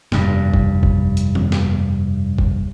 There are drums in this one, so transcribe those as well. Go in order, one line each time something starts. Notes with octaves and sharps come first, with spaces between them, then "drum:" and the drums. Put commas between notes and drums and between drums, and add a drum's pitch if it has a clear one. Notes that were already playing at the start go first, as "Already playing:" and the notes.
F1 G2, drum: snare
drum: kick F#1
drum: kick F#1
drum: hi-hat
drum: tom D#3
drum: snare
drum: kick F#1